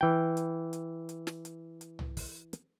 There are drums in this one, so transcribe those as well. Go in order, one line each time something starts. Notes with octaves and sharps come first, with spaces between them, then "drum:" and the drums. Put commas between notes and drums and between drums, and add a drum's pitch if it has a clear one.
E3 G5
drum: hi-hat
drum: hi-hat
drum: hi-hat
drum: snare
drum: hi-hat
drum: hi-hat
drum: tom C2
drum: kick, open hi-hat
drum: hi-hat